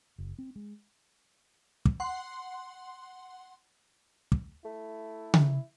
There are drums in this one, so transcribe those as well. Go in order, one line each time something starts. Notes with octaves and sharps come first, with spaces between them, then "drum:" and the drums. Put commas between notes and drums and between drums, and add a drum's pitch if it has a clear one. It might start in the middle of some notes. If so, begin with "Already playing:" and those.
F#1
C4
G#3
drum: kick
F#5 C6
drum: kick
A3 E4
drum: tom C#3